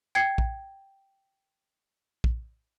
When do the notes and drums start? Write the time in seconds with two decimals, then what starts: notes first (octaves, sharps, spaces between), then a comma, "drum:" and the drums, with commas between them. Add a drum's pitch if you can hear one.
0.15 G5 G#6 C7 C#7
0.38 drum: kick
2.24 drum: kick